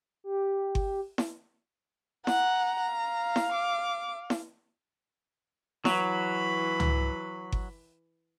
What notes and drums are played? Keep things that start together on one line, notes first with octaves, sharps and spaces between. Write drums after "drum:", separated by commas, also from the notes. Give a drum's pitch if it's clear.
G4
drum: kick G1
drum: snare E4
F#5 A#5, drum: snare E4
F5
drum: snare E4
D6
drum: snare E4
E3 F#3 B5, drum: snare E4
drum: tom
drum: kick G1